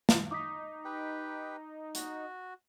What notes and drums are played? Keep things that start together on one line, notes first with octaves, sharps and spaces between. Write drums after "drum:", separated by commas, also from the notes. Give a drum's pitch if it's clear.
drum: snare
D#4 D6 D#6 B6
G4 B4 G5
F#4, drum: hi-hat